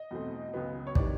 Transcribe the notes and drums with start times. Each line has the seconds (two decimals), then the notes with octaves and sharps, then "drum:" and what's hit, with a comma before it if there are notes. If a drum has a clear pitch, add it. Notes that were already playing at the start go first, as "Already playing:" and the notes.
Already playing: D#5
0.11 E2 B2 F#3 A3 C4
0.54 C#2 C#3 F#3 B3
0.87 C#5
0.95 C3 D#3 D5, drum: kick